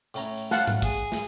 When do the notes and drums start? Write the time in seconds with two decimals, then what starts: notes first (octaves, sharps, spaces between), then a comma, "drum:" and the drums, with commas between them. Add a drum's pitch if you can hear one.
0.14 A2 C#4 A#5
0.38 drum: hi-hat
0.51 F5 F#5 A5, drum: snare
0.67 drum: tom G#2
0.82 G#4, drum: kick, hi-hat
0.97 drum: hi-hat
1.12 drum: snare